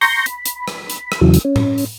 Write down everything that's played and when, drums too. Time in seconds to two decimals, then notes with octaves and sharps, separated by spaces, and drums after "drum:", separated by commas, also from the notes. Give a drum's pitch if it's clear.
0.01 A#5 C6 C#6 G6 A#6, drum: open hi-hat
0.26 B5, drum: hi-hat
0.46 drum: hi-hat
0.68 drum: rim click
0.90 drum: hi-hat
1.12 drum: rim click
1.21 E2 C#3 E3 F#3
1.34 drum: hi-hat
1.45 C#4
1.56 drum: tom A2
1.78 drum: open hi-hat